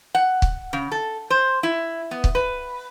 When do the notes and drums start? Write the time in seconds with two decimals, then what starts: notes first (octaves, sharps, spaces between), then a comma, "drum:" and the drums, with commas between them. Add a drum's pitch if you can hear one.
0.15 F#5
0.42 drum: kick
0.73 C#3
0.92 A4
1.30 C5
1.63 E4
2.11 B3
2.24 drum: kick
2.35 B4